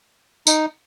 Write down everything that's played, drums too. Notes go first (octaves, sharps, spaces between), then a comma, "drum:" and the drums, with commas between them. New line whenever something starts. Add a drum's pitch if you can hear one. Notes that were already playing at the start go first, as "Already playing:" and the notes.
D#4, drum: tambourine